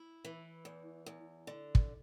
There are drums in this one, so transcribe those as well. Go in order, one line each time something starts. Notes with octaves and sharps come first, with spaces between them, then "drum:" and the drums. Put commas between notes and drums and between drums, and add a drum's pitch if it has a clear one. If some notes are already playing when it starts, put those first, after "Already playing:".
Already playing: E4
E3
E2
E2
D3
drum: kick